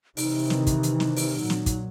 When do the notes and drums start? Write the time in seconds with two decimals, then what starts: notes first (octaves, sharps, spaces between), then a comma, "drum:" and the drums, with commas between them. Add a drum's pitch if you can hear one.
0.17 C3 D#3 E3 D#4, drum: open hi-hat
0.50 drum: snare
0.67 drum: kick, hi-hat
0.83 drum: hi-hat
1.00 drum: snare
1.17 drum: open hi-hat
1.38 A#2 F#3
1.50 drum: snare
1.66 drum: kick, hi-hat